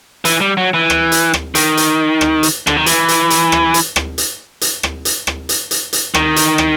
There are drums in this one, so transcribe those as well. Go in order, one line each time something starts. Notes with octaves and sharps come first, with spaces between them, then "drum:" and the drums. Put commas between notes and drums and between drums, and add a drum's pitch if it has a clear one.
E3, drum: hi-hat
G3
F#3
E3
drum: rim click
drum: hi-hat
drum: rim click
D#3, drum: hi-hat
drum: hi-hat
drum: rim click
drum: hi-hat
D3, drum: rim click
D#3
E3, drum: hi-hat
drum: hi-hat
drum: hi-hat
drum: rim click
drum: hi-hat
drum: rim click
drum: hi-hat
drum: hi-hat
drum: rim click
drum: hi-hat
drum: rim click
drum: hi-hat
drum: hi-hat
drum: hi-hat
D#3, drum: rim click
drum: hi-hat
drum: rim click